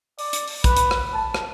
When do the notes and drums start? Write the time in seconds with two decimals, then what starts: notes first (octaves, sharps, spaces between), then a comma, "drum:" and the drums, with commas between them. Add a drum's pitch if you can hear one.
0.19 D5, drum: open hi-hat
0.33 drum: hi-hat
0.48 drum: open hi-hat
0.64 B4, drum: kick, hi-hat
0.77 drum: hi-hat
0.91 drum: rim click
1.14 A5
1.34 drum: rim click